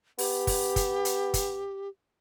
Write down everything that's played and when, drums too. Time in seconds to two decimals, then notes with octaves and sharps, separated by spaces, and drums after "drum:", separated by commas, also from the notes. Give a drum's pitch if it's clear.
0.18 B3 G4, drum: open hi-hat
0.47 drum: kick, open hi-hat
0.76 drum: kick, hi-hat
1.05 drum: hi-hat
1.34 drum: kick, hi-hat